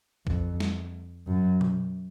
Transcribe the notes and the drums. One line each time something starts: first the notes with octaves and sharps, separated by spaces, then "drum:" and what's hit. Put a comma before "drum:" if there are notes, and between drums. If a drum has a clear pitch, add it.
F2, drum: kick A#1
drum: snare
F#2
drum: tom B2